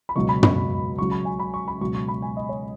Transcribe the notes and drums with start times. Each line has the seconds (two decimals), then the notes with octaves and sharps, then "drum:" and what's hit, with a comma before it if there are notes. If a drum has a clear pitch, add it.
0.09 B5
0.16 C#2 B2 F#3 C#6
0.29 B5
0.43 B5, drum: tom
0.98 C#2 C#3 F#3 C#6
1.11 B5
1.25 G#5
1.39 B5
1.54 C#6
1.68 B5
1.81 C#2 B2 F#3 C#6
1.95 C#6
2.08 B5
2.22 G#5
2.36 D#5
2.49 C#5